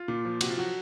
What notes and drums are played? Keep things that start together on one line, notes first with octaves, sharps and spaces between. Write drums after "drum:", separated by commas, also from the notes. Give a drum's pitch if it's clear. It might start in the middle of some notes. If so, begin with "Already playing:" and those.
Already playing: F4
A#2
F3
C3 F#4, drum: cymbal
F4
F3 F#3 F#4